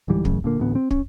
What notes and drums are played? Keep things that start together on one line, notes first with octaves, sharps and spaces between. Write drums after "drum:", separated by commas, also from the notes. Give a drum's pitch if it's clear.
D1 G#2 E3 G3
A1 F#2 C#3, drum: kick
A#2 D3 A#3
A1 D2 A2 B3
C4
C#4, drum: kick